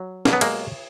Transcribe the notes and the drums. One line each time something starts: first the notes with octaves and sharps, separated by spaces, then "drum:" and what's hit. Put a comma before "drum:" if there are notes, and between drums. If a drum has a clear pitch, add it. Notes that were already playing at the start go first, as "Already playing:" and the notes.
Already playing: F#3
B2 A#3, drum: snare
F#3 B3
G#3 A#3, drum: cymbal